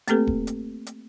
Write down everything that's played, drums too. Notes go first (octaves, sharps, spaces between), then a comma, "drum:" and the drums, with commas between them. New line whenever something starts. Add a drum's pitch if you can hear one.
A3 A#3 C4 G4 A4 B4, drum: hi-hat
drum: kick D#1
drum: hi-hat
drum: hi-hat